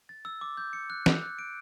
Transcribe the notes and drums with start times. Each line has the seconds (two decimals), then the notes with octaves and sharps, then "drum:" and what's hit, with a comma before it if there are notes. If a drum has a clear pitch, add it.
0.09 A6
0.25 E6
0.41 D6
0.57 G6
0.73 C#7
0.90 F#6
1.06 F#6, drum: snare
1.23 F#6
1.39 D7